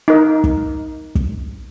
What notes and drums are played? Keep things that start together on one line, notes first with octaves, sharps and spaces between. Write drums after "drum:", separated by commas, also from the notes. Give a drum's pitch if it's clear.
D#4 A#4
drum: kick
drum: kick